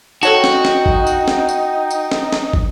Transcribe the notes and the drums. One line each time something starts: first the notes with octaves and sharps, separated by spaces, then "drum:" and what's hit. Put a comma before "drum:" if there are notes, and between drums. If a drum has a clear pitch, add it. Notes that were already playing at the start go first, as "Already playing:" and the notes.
D#4 F#4 A4 C#5 G5 A5, drum: tambourine
drum: snare
drum: snare
drum: kick
drum: tambourine
drum: snare
drum: tambourine
drum: tambourine
drum: snare
drum: snare
drum: kick